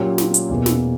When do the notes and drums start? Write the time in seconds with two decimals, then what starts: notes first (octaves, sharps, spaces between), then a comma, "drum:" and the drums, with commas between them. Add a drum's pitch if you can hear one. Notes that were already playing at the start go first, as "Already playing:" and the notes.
Already playing: A#2 F#3 A#3 C#4 G4
0.18 drum: snare
0.34 drum: hi-hat
0.49 E2 B2 A#3
0.66 drum: snare